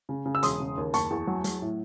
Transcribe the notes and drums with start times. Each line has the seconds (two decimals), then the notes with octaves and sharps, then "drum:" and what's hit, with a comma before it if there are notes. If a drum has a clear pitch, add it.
0.09 C#3
0.26 C#3
0.35 E6
0.43 E1 C6 D#6, drum: hi-hat
0.60 C#3
0.77 D#2
0.94 F#1 A5 C#6, drum: hi-hat
1.10 E2
1.27 F#3
1.44 F#3, drum: hi-hat
1.62 A2